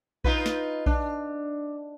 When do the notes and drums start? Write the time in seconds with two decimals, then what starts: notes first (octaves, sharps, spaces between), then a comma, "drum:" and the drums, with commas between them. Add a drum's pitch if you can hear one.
0.24 D#4 F4 B4, drum: kick A#1
0.46 drum: snare
0.86 D4, drum: kick A#1